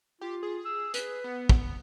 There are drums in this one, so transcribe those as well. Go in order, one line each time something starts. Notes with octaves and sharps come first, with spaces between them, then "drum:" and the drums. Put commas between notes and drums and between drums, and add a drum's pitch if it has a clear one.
F4 G4
G#4
E6
B4, drum: hi-hat
B3
drum: kick